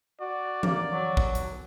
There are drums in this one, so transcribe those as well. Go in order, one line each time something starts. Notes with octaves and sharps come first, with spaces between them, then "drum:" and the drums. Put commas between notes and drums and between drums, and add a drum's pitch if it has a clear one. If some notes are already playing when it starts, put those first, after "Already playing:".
F#4 D5
A#3, drum: tom E3
F#3
drum: kick
drum: hi-hat